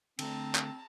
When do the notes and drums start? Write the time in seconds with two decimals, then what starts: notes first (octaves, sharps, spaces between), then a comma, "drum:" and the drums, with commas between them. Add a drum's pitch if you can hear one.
0.19 D3 A3 C4 A5 A#5, drum: cymbal
0.55 drum: clap